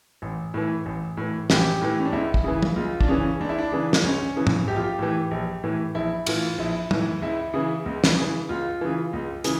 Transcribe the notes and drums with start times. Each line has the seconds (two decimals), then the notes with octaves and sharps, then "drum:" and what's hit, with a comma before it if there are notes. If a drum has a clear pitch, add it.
0.22 A1
0.54 A2 E3
0.86 A1
1.17 A2 E3
1.50 A1 G4, drum: snare
1.81 A2 E3
1.99 C#4
2.05 D4
2.12 C#2 E4
2.34 drum: kick
2.44 C#3 E3
2.63 drum: tom
2.76 C#2 F4
3.01 D4, drum: kick
3.08 C#3 E3 C#4
3.40 C#2 D4
3.49 E4
3.59 D4
3.72 C#3 E3
3.93 drum: snare
4.03 C#2 C#4
4.36 C#3 E3
4.47 drum: tom
4.67 A#1 G4
4.76 F4
4.84 G4
4.99 A2 E3
5.31 A#1
5.64 A2 E3
5.95 A#1 E4
6.26 A2 E3 F4, drum: cymbal
6.58 A#1 E4
6.91 A2 E3, drum: tom
7.22 C#2 E4
7.54 C#3 E3
7.86 C#2
8.04 drum: snare
8.18 C#3 E3
8.49 C#2 F4
8.81 C#3 E3
9.13 C#2
9.44 C#3 E3, drum: hi-hat